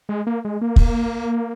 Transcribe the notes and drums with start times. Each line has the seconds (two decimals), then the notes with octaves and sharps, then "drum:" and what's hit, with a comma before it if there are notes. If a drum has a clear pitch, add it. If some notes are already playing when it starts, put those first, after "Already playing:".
0.09 G#3
0.27 A#3
0.45 G#3
0.61 A#3
0.76 drum: kick